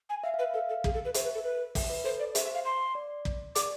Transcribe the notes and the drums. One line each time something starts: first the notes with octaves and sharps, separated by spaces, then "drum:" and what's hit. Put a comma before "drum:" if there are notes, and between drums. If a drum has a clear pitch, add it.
G#5
E5 F5
F5
B4
E5
A4 F5
A4
G#4, drum: kick
A4
B4
C5 E5, drum: hi-hat
B4
A4
B4
E5, drum: kick, open hi-hat
B4
A4 C5
D5
C5 E5, drum: hi-hat
E5
F5
C6
D5
drum: kick
D5 D6, drum: hi-hat